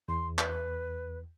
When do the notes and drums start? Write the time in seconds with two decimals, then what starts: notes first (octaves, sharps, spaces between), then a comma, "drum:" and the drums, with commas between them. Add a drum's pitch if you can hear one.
0.08 E2 C6
0.39 B4, drum: clap